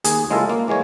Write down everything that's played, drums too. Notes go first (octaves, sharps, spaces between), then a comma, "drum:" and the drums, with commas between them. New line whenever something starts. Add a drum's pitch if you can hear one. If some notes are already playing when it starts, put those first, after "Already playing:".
D#2 G#4, drum: hi-hat
C#3 G#3 A#3 E4 F4 A4
A#3
E3 G#3 A#3 C#5